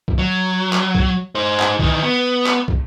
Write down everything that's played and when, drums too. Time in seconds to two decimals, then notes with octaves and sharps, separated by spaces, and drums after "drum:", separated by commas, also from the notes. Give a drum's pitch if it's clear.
0.08 drum: kick
0.19 F#3
0.73 drum: clap
0.95 drum: kick
1.35 D#4 C5
1.60 drum: clap
1.79 D#3 E3, drum: kick
2.03 B3
2.46 drum: clap
2.68 drum: kick